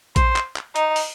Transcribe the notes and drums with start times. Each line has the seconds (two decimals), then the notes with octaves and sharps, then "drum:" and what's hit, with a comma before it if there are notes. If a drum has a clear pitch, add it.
0.16 C5, drum: kick A#1, hi-hat
0.36 drum: clap
0.56 drum: clap
0.76 D#4, drum: hi-hat
0.96 drum: open hi-hat